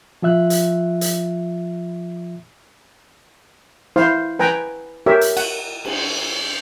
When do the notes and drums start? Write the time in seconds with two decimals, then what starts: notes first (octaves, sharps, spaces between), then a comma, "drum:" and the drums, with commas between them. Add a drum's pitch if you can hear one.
0.22 F3 F4 E5 F#6
0.50 drum: hi-hat
1.01 drum: hi-hat
3.96 E4 C5 F5, drum: snare
4.39 B4 G5 G#5 A#5, drum: snare
5.06 G4 A#4 C#5 E5
5.21 drum: hi-hat
5.37 F#5, drum: cymbal
5.85 drum: cymbal